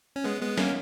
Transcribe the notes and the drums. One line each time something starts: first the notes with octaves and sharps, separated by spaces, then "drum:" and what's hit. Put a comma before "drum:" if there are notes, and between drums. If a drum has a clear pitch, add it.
C#4
G#3 B3
G#3 B3
A#3 C#4, drum: snare